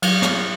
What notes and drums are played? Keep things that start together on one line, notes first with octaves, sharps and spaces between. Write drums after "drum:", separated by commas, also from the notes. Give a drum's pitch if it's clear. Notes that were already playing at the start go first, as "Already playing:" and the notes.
F#3, drum: cymbal
drum: rim click